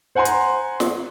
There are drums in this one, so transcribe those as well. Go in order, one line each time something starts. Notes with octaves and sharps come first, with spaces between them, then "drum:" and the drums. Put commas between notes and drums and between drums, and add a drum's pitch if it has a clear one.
C5 F#5 G#5 A#5 C6
drum: hi-hat
drum: snare